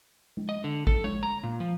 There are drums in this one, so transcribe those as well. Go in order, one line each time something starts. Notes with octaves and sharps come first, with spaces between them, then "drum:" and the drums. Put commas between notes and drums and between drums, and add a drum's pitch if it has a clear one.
drum: tom G#3
D#5
D3
A4, drum: kick
C#5, drum: tom G#3
A#5
A#2
F3